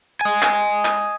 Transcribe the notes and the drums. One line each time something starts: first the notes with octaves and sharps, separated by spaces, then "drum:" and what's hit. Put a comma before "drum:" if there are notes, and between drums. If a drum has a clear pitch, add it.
D#5 G#5
drum: clap
drum: clap